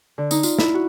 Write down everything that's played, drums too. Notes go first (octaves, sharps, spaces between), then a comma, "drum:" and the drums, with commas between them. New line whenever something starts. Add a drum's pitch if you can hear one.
D3
D#4, drum: tambourine
F4, drum: tambourine
E4, drum: snare
F#4